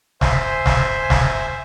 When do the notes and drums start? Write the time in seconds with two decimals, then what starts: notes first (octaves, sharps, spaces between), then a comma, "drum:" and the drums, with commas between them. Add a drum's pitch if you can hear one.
0.21 C5 E5 G#5, drum: snare
0.66 drum: snare
1.10 drum: snare